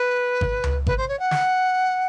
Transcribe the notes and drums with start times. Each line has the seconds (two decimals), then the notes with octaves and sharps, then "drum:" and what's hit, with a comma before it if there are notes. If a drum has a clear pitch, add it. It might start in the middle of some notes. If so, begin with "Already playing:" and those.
Already playing: B4
0.41 drum: kick G#1
0.64 drum: tom C#2
0.87 B4, drum: kick G#1
0.98 C5
1.08 C#5
1.20 F#5
1.31 drum: snare